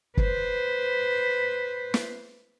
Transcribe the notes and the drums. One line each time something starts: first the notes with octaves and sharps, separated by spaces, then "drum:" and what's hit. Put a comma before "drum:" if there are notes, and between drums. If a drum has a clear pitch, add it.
B4 C5, drum: kick
drum: snare